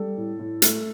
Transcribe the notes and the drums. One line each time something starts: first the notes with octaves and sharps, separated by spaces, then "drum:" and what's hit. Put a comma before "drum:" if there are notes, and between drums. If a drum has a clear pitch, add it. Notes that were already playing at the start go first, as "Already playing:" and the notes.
Already playing: G3 A4
A2
A2
A3, drum: hi-hat